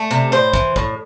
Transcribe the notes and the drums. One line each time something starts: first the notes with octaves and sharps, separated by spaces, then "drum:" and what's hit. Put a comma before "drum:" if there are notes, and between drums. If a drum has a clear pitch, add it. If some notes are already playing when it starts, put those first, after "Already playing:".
Already playing: A3
C3
A2 C5
E3, drum: kick
A2, drum: kick